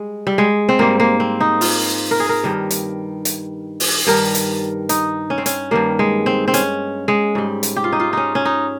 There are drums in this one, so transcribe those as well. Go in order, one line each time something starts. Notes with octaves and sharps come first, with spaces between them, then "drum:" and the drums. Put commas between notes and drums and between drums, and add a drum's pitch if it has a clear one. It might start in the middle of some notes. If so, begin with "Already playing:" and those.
Already playing: G3 G#3
G3
G#3
C4
G#2 G3 A#3
A#3
C4
D#4
F4, drum: open hi-hat
A#4
G#4
A#4
G2 D#3 G3
drum: hi-hat
drum: hi-hat
drum: open hi-hat
G2 D#3 G3 A#4
drum: hi-hat
D#4, drum: hi-hat
C#4
C4
C#4, drum: hi-hat
G2 D#3 G3 A#3
G#3
C4
C4
C#4, drum: hi-hat
G#3
G#2 G3
drum: hi-hat
G4
F4
D#4
F4
C#4 D#4
C#4
D#4